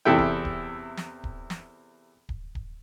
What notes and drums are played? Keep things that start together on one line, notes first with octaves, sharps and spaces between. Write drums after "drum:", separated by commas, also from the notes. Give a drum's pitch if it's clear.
E2 C3 E4 A4 E5 G5
drum: kick D1
drum: kick D1
drum: snare
drum: kick D1
drum: snare
drum: kick D1
drum: kick D1